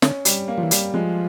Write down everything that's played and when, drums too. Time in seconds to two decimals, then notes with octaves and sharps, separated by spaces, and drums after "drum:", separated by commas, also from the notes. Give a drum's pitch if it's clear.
0.02 D3 C#4, drum: snare
0.25 G3, drum: hi-hat
0.48 A#3
0.58 F3
0.63 E3
0.71 G3, drum: hi-hat
0.94 F3 G#3